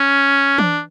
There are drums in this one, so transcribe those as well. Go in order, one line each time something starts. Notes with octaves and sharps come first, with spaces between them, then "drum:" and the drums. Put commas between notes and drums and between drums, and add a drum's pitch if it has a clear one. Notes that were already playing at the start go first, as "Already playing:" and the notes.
Already playing: C#4
D4, drum: tom E3